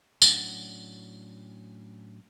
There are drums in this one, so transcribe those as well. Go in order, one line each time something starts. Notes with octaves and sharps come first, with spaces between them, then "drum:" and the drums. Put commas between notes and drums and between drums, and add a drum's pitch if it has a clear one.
A2 F#3 C#4 D4 F#5, drum: tambourine